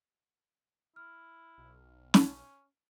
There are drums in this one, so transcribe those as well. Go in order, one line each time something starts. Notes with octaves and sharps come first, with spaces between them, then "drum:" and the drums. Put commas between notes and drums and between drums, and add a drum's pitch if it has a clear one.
E4 F6
B1
C#4, drum: snare